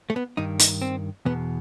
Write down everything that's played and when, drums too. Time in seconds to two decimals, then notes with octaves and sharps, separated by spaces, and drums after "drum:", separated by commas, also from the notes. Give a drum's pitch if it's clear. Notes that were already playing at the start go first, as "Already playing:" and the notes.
0.10 A3
0.16 B3
0.37 G2 D#3 D#4
0.59 D#4, drum: hi-hat
0.82 C4
1.25 E2 B2 B3